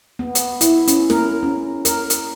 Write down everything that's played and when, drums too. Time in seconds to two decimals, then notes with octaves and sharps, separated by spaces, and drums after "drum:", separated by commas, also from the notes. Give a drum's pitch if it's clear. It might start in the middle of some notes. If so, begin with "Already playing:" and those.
0.19 B3
0.35 drum: hi-hat
0.61 E4, drum: hi-hat
0.88 C#4, drum: hi-hat
1.10 A#4, drum: snare
1.43 C#4
1.85 A#4, drum: hi-hat
2.10 drum: hi-hat